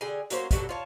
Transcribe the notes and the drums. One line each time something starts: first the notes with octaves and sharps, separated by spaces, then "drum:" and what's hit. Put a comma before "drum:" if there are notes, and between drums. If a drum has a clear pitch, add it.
D3 G#4 G5 G#5
F#3 A#3 C#4 C5, drum: hi-hat
B2 F#3 G3 A4, drum: kick, hi-hat
F4 C#5 A5